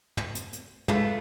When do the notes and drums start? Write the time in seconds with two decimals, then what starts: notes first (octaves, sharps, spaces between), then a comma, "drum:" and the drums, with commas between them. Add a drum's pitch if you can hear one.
0.17 drum: tom
0.35 drum: hi-hat
0.53 drum: hi-hat
0.88 G#3 A3 F4 B4, drum: tom